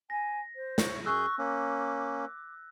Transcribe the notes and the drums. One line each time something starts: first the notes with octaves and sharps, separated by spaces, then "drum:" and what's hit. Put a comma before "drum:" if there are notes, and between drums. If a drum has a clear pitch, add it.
G#5 A#6
C5
C#5, drum: snare
F#2 G#4 C#6 E6 F#6 G6
A#3 C#4 D6